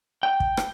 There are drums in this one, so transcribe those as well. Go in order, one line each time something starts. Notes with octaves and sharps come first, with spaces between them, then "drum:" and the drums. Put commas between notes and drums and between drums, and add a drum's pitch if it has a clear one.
G5
drum: kick
drum: rim click